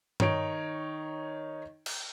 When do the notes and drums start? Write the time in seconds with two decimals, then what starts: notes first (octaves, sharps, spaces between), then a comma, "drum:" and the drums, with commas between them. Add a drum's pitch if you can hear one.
0.20 D#3 D#4 C#5 D7, drum: tom G2
1.86 drum: cymbal